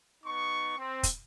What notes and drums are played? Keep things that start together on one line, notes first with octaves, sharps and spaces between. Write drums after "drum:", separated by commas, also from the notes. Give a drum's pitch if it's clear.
B3 D#4 C#6
C4
drum: kick, hi-hat